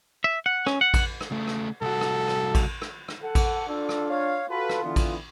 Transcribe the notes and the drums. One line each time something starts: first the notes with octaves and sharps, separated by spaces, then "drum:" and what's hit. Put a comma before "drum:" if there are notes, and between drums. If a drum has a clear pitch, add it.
E5
F#5
C#4, drum: rim click
F#5
drum: kick A1, cymbal
drum: rim click
C#3 A3
drum: rim click
C2 F#4 A4
drum: rim click
drum: rim click
drum: kick A1, cymbal
drum: rim click
drum: rim click
A4 F#5
drum: kick A1, cymbal
D4 F4 A4
drum: rim click
C#5 F5
F4 F#4 A4 B4
drum: rim click
D3 E3 B3
drum: kick A1, cymbal